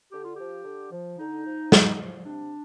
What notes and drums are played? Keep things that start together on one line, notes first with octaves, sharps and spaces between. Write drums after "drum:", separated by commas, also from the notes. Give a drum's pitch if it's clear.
D3 G4
F4
F3 G4
D3
F3
D3 D#4
F3
D3, drum: snare
F3
C3 D4